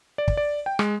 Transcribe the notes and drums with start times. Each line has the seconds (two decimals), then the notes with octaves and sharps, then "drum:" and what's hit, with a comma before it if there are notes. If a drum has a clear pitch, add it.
0.18 D5
0.28 drum: kick
0.37 D5
0.66 G5
0.79 G#3, drum: rim click